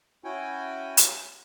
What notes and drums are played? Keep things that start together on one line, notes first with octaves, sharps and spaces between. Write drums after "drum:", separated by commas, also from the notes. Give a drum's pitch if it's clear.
C#4 E4 F#4 G5 G#5
drum: hi-hat